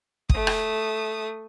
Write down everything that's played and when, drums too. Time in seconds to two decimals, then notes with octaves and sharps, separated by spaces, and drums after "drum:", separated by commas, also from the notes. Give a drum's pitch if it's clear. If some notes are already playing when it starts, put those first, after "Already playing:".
0.29 A3 D#6, drum: kick
0.47 drum: rim click